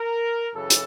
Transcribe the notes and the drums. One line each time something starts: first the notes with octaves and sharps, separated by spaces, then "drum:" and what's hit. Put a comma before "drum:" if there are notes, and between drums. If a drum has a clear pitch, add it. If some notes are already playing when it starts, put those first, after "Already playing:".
Already playing: A#4
F#2 C#3 E3 A4
drum: hi-hat